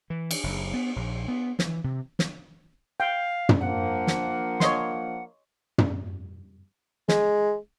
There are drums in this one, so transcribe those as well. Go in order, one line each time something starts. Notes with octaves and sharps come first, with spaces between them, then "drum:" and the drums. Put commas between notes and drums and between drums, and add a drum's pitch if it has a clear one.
E3
drum: cymbal
F#1
B3
A#1
B3
E3, drum: snare
C3
drum: snare
F5 G5
drum: tom
F3 A#3 D4 F#5
drum: snare
C#5 D#5 C6, drum: snare
drum: tom
G#3, drum: snare